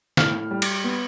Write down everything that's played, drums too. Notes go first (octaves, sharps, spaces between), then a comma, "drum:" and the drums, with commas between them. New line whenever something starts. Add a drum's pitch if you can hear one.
A2 F6, drum: snare
G3
drum: cymbal
B3